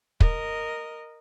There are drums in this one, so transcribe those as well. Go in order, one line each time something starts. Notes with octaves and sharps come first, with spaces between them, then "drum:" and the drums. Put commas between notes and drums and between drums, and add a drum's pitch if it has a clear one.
A#4 D#5, drum: kick